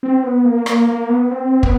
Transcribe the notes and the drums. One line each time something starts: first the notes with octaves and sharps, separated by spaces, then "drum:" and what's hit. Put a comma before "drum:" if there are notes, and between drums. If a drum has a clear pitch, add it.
C4
B3
A#3
A#3, drum: rim click
A#3
B3
C4
B3, drum: kick